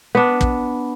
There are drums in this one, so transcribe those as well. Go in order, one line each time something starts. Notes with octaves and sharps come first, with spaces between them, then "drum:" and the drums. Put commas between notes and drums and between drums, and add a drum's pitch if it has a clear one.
B3 D4
drum: kick